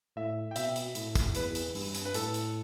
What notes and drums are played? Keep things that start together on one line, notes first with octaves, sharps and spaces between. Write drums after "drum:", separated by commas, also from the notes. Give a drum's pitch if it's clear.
A2 E5
G5
B2 E5, drum: hi-hat
drum: hi-hat
A2, drum: hi-hat
drum: kick, hi-hat
E2 B4, drum: hi-hat
drum: hi-hat
G2, drum: open hi-hat
drum: hi-hat
B4
A2 A4, drum: hi-hat
drum: hi-hat